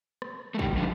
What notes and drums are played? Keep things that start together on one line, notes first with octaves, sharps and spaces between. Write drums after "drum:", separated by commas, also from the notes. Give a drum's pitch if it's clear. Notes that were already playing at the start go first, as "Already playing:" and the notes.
drum: rim click
A3
D#3 G3, drum: kick
D3 F3